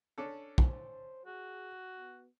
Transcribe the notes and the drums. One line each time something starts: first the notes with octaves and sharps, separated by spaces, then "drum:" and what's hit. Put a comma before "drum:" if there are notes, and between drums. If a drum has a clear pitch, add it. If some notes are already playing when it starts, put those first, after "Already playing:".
C#4 D4 A4
C5, drum: kick
F#4 G#4
B3